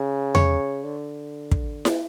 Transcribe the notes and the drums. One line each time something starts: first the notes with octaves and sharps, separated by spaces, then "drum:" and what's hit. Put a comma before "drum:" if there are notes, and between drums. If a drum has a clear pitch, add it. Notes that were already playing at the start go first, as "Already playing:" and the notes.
Already playing: C#3
C#5, drum: tom E2
D3
drum: kick
drum: snare E4